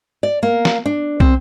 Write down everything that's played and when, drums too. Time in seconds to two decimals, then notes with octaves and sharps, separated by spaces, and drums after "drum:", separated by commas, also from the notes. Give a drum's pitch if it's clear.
0.23 D5
0.43 A#3
0.65 drum: snare
0.86 D4
1.20 C4, drum: kick